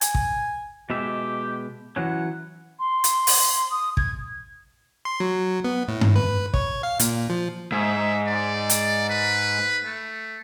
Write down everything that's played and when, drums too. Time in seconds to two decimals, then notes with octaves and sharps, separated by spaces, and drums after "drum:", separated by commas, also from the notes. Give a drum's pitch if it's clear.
0.01 G#5, drum: hi-hat
0.15 drum: kick
0.90 B2 G#3 G4 E5
1.96 E3 F#3 C#4 F#5
2.79 C6
3.04 drum: hi-hat
3.27 drum: open hi-hat
3.71 D#6
3.97 G#6, drum: kick
5.05 C6
5.20 F#3
5.64 B3
5.88 A2
6.01 drum: tom G2
6.16 B4
6.54 C#5, drum: kick
6.83 F5
7.00 A#2, drum: hi-hat
7.30 F3
7.72 G#2 E5
8.27 D5
8.70 drum: hi-hat
9.10 B4
9.85 A3